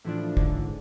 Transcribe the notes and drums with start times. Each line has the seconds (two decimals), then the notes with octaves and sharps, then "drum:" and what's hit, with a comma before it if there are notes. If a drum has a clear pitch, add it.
0.05 A2 E3 F3 D4
0.37 C#2 G#2 D3, drum: kick